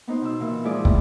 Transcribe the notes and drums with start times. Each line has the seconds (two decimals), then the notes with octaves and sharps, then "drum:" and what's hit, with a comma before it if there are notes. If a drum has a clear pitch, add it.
0.08 B3 D#4 C5
0.22 B2 E6
0.40 A#2 E3
0.64 F3 G#3 E4 G#4 D5
0.85 E2 A3 E4, drum: kick